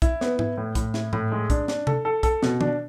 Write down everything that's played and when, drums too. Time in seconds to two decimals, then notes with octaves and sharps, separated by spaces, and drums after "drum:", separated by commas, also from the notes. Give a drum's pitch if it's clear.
0.02 E4, drum: kick, hi-hat
0.21 B3, drum: snare
0.39 E4, drum: tom G#2
0.57 A2
0.75 A2, drum: kick, hi-hat
0.94 E4, drum: snare
1.13 A2, drum: tom G#2
1.32 G#3
1.50 D4, drum: kick, hi-hat
1.68 D4, drum: snare
1.87 A4, drum: tom C3
2.05 A4
2.23 A4, drum: kick, hi-hat
2.43 B2, drum: snare
2.61 D4, drum: tom D#3